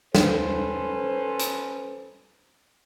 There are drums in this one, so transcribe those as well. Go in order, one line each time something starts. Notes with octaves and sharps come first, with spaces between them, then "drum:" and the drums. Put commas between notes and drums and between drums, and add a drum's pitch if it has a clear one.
C#4 A4 B4 C5, drum: snare
drum: hi-hat